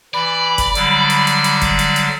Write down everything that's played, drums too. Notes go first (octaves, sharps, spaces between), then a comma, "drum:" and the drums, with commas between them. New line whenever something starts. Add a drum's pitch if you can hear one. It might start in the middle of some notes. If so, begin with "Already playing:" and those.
E3 D5 B5
drum: kick, hi-hat
D3 F#3 G3, drum: hi-hat
drum: hi-hat
drum: hi-hat
drum: hi-hat
drum: kick, hi-hat
drum: hi-hat
drum: hi-hat